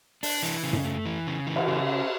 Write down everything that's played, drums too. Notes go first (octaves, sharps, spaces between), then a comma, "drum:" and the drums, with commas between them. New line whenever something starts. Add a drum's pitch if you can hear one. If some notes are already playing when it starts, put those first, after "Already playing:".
D4, drum: open hi-hat
E3
C#3
drum: tom F#2
A3
E3
C#3
E3
drum: cymbal
C#3
C#4